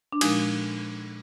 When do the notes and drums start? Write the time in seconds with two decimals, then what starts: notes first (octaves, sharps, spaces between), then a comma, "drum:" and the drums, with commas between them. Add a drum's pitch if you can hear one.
0.12 D4
0.21 A#2 F3 G#3 D#4, drum: cymbal